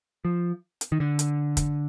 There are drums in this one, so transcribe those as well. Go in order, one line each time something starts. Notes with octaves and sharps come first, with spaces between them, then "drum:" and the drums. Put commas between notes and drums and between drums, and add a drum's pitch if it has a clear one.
F3
drum: hi-hat
D#3
D3
drum: hi-hat
drum: kick, hi-hat